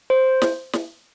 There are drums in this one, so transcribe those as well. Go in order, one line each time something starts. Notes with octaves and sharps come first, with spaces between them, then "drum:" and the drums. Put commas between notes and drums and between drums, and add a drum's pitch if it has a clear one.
C5
drum: snare
drum: snare